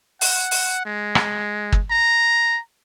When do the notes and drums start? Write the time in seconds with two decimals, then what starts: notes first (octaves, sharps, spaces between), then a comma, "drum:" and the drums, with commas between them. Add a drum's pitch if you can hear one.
0.21 F#5, drum: open hi-hat
0.51 drum: open hi-hat
0.86 G#3
1.15 drum: rim click
1.72 drum: kick
1.90 A#5